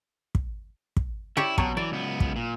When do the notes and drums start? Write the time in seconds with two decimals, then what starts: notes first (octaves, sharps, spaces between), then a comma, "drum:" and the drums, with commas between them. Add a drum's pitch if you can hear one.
0.35 drum: kick
0.97 drum: kick
1.37 E4 G4 C#5 D5
1.58 B2 F#3 C#5 A5, drum: kick
1.77 E3 D5
1.92 C#2 B3
2.20 drum: kick
2.36 A#2